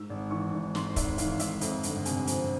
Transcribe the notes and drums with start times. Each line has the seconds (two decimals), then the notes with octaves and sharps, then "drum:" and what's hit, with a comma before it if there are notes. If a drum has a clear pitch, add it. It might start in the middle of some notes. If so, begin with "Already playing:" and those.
Already playing: G#2 E6
0.10 G#1
0.31 E3 C#6
0.53 G#1
0.75 G#2 C6, drum: snare
0.96 G#1 E5, drum: kick, hi-hat
1.18 E3 F5, drum: hi-hat
1.39 G#1 E5, drum: hi-hat
1.61 F2, drum: hi-hat
1.83 G1, drum: hi-hat
2.05 C3 G#5, drum: hi-hat
2.27 F3, drum: hi-hat